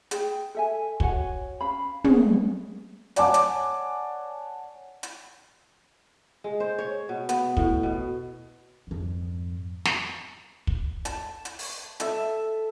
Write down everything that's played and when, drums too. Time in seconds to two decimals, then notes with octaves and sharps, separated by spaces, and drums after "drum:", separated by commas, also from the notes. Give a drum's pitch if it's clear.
0.11 G#4 G5, drum: hi-hat
0.55 A4 E5 G#5
1.00 F#4 C#5 F#5 G#5, drum: kick
1.61 C#4 F5 B5
2.04 G#4, drum: tom
3.16 C#5 D5 F#5 G#5 A5 D6, drum: hi-hat
3.34 drum: hi-hat
5.03 drum: hi-hat
6.44 G#3
6.60 C5
6.78 C#5
7.09 B2
7.29 B3, drum: hi-hat
7.57 A2, drum: kick
7.83 B2
8.87 F2 G#2
9.85 drum: snare
10.67 drum: kick
11.05 A5, drum: hi-hat
11.45 drum: hi-hat
11.59 drum: open hi-hat
12.00 A4 E5, drum: hi-hat